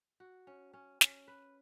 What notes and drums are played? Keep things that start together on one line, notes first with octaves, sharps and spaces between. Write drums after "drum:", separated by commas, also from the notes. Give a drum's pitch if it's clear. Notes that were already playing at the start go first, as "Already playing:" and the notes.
F#4
C#4
C#4
C#4, drum: snare
B4